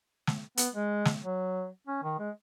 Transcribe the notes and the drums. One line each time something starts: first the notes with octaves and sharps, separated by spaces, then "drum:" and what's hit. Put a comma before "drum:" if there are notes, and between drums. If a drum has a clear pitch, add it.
drum: snare
B3, drum: hi-hat
G#3
drum: snare
F#3
C#4
D#3
G#3